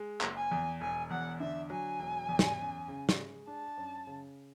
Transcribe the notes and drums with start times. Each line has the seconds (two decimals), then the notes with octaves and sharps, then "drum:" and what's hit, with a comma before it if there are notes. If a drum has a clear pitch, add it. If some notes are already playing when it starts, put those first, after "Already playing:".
Already playing: G#3
0.21 F#1, drum: clap
0.37 G#5
0.51 E2
0.81 E1 G#5
1.10 E2 F#5
1.40 D3 E5
1.70 F#3 G#5
2.00 E1
2.29 E2
2.39 drum: snare
2.59 F#2
2.88 C#3
3.09 drum: snare
3.18 G#3
3.47 D4 A5
3.77 F#2
4.07 C#3